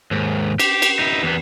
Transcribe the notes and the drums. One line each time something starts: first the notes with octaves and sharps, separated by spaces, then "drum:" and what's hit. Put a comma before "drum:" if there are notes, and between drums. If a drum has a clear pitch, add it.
D#2 G#2
G4, drum: cymbal
drum: cymbal
D#4 E4
E2 B3